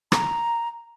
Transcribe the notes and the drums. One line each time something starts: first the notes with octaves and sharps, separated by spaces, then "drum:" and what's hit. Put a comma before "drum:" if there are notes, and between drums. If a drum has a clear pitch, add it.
A#5, drum: rim click